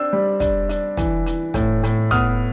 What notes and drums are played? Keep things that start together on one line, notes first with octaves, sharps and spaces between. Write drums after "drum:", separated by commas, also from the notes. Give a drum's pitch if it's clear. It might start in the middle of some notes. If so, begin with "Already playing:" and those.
Already playing: C4 D4 E6
G3
D4, drum: kick, hi-hat
D4, drum: hi-hat
E3, drum: kick, hi-hat
E3, drum: hi-hat
A2, drum: kick, hi-hat
A2, drum: hi-hat
B3 D#6 F6, drum: kick, hi-hat